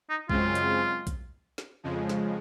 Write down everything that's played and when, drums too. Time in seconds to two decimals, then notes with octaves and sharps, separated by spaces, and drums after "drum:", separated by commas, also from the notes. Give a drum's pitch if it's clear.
0.10 D#4
0.30 F#2 C#3 G#3 C4 F4, drum: kick B1
0.55 drum: hi-hat
1.07 drum: kick B1, hi-hat
1.58 drum: snare
1.83 F2 C#3 F3 G#3
2.09 drum: snare